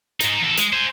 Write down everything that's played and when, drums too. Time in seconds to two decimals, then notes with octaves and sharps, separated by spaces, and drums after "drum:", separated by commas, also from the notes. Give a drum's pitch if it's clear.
0.20 G#2 D#4, drum: hi-hat
0.42 E2 A4
0.57 G#3, drum: hi-hat
0.73 C5 G#5